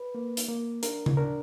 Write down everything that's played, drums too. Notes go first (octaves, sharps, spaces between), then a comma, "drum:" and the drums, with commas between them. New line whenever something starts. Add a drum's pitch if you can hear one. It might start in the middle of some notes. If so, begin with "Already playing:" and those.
Already playing: B4
A#3
drum: hi-hat
A#3
D4 A#4, drum: hi-hat
drum: tom C#3
D4 A#4